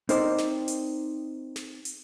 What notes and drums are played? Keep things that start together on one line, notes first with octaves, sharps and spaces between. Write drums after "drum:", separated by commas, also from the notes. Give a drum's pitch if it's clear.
C4 D#4 A#4 C5 D5, drum: hi-hat
drum: snare
drum: hi-hat
drum: snare
drum: hi-hat